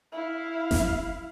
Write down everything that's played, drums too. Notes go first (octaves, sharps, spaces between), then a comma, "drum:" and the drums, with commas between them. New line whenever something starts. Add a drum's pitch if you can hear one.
E4 F5
drum: snare F#1